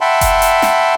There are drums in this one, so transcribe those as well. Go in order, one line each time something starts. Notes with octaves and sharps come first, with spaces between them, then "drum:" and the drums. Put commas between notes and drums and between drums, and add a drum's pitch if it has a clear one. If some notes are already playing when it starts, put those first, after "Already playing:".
E5 F#5 G5 A5 B5 C6
drum: kick F1, hi-hat
drum: hi-hat
drum: snare